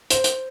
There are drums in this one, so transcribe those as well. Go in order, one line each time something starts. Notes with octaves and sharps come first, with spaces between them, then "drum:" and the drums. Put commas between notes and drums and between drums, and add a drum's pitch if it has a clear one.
C5, drum: hi-hat
drum: hi-hat